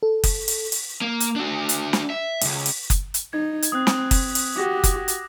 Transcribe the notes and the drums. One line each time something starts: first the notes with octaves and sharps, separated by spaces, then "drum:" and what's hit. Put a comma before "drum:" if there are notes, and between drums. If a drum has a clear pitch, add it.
A4
drum: kick F#1, open hi-hat
drum: open hi-hat
drum: open hi-hat
A#3
drum: hi-hat
D4 F#4
drum: hi-hat
drum: snare
E5
C#2 G2, drum: open hi-hat
drum: open hi-hat
drum: kick F#1, hi-hat
drum: hi-hat
D#4 G#6
drum: hi-hat
C4 D#6 F#6
drum: snare
drum: kick F#1, open hi-hat
drum: open hi-hat
F#4 G4 D6 F#6 A#6
drum: kick F#1, hi-hat
drum: hi-hat